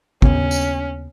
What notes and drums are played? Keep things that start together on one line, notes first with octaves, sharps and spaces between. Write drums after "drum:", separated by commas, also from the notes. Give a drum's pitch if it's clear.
D#2 C#3 B3 C#4, drum: kick
drum: tambourine